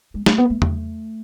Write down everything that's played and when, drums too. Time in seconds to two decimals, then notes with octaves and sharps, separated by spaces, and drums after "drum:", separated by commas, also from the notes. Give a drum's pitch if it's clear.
0.14 G#3
0.26 A3, drum: snare
0.38 B3
0.50 A3
0.62 A3, drum: tom E2